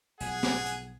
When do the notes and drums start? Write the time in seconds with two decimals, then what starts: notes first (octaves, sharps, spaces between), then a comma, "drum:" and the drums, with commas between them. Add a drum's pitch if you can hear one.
0.20 B1 F3 G#4 F#5 G#5, drum: hi-hat
0.43 drum: snare
0.65 drum: hi-hat